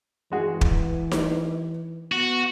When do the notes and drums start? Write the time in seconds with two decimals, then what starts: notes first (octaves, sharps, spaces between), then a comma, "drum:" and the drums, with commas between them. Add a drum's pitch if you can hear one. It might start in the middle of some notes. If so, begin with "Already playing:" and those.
0.32 E3 G#3 F#4 G#4
0.61 drum: kick
1.11 drum: snare D#4
2.12 B3 F#4